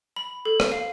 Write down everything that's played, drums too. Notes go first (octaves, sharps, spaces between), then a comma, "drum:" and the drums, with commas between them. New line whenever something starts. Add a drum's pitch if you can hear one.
B5
A4
drum: rim click
F5